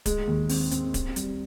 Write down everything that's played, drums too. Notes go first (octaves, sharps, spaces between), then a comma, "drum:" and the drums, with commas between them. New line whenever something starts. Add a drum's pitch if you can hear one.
G#3, drum: kick D1, hi-hat
D#2
C4, drum: open hi-hat
C4, drum: hi-hat
C4, drum: kick D1, hi-hat
G3, drum: hi-hat